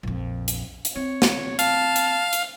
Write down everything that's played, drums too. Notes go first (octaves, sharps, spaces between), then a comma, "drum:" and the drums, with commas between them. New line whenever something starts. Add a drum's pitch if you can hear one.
A#1 F2
drum: hi-hat
drum: hi-hat
C4 C#5
drum: snare
F5 A5, drum: hi-hat
drum: hi-hat
drum: hi-hat